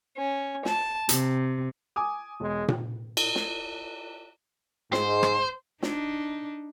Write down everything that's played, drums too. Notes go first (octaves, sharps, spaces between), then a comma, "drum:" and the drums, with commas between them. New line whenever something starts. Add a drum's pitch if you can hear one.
C#4
A5, drum: snare
C3, drum: hi-hat
G#5 D6 D#6
E1 G#3
drum: tom A#2
drum: cymbal
drum: snare
G#2 C5, drum: snare
drum: rim click
D4 D#4, drum: snare